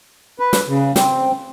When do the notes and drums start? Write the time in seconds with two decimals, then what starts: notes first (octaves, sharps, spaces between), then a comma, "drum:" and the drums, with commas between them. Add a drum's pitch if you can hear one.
0.40 B4
0.53 drum: snare
0.68 C#3
0.96 C4, drum: snare